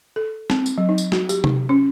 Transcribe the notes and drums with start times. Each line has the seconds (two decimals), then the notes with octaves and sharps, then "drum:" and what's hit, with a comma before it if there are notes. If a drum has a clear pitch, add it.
0.16 A4
0.50 C4, drum: snare
0.66 drum: tambourine
0.78 F#3
0.89 D#4
0.98 drum: tambourine
1.12 F#4, drum: snare
1.29 G4, drum: tambourine
1.44 D#4, drum: tom C3
1.69 C#4